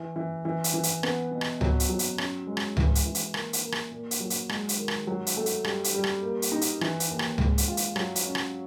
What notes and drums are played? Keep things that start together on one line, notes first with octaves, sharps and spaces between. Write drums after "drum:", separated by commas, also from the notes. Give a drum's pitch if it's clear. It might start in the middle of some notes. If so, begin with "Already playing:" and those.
Already playing: E3
E3
E3
drum: hi-hat
E3
drum: hi-hat
B3, drum: rim click
B2
drum: rim click
F#3, drum: tom C#2
drum: hi-hat
F#3
drum: hi-hat
C#4, drum: rim click
G#3
drum: rim click
E3, drum: tom C#2
drum: hi-hat
E3
drum: hi-hat
A#3, drum: rim click
drum: hi-hat
A#3
drum: rim click
A#2
drum: hi-hat
F#3
drum: hi-hat
G#3, drum: rim click
drum: hi-hat
D#3
drum: rim click
F#3
drum: hi-hat
A3
drum: hi-hat
G3, drum: rim click
drum: hi-hat
G3
drum: rim click
A#3
drum: hi-hat
D#4
drum: hi-hat
E3, drum: rim click
drum: hi-hat
D#2
drum: rim click
G#3, drum: tom C#2
drum: hi-hat
F4
drum: hi-hat
F#3, drum: rim click
drum: hi-hat
C#4
drum: rim click